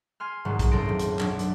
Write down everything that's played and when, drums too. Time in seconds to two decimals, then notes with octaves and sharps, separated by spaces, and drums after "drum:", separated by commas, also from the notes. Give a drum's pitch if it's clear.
0.20 G#5 C6 F6
0.45 C2 G#2 B2 D#3 E3 F#3
0.59 drum: kick B1, hi-hat
0.71 F#1 C4 A4 C6 A#6 D7
0.86 D#1 A2
0.99 drum: hi-hat
1.19 B1 F#3 D4 D5, drum: clap
1.39 drum: hi-hat